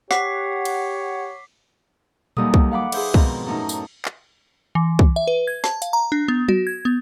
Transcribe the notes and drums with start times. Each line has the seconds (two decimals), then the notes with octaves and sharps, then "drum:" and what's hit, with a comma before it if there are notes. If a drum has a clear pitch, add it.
0.11 G4 C#5 F#5 D6 B6 C7, drum: snare
0.65 drum: cymbal
2.37 D#2 F#3 G3 A4 D#6, drum: tom A#2
2.54 drum: kick
2.71 F5 F#5 B5 D6
2.92 G#4 B4 C5 E5, drum: cymbal
3.14 F2 G#2 B2 D#3 F3, drum: kick
3.46 F#2 A2 D#4
3.69 drum: tambourine
4.05 drum: clap
4.75 E3
4.99 drum: kick
5.16 E5
5.27 B4
5.47 G#6
5.64 A5, drum: snare
5.82 F5, drum: hi-hat
5.93 A#5
6.12 D4
6.28 B3
6.48 F#4, drum: tom F#3
6.67 G#6
6.85 B3